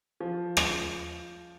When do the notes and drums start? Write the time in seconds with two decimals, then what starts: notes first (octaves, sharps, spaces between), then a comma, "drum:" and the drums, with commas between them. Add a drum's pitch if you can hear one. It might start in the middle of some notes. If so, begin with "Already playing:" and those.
0.20 F3
0.57 drum: rim click